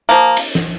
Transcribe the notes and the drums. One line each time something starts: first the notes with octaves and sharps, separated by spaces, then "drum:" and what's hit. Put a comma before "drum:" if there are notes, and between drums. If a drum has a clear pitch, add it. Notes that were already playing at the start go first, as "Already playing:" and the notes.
F3 A#3
drum: cymbal
drum: snare